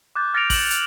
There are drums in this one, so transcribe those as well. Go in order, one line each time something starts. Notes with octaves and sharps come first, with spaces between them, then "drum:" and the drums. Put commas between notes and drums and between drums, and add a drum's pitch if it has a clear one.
D6 F#6 G6 A6
F6 A6 A#6 C#7 D7 F7
E7 F#7, drum: kick, open hi-hat
drum: hi-hat